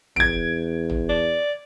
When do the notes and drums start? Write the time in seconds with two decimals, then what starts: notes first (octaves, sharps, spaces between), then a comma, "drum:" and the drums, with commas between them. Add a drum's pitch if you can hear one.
0.16 E2 G#6 D7, drum: tom
0.90 drum: tom
1.09 D5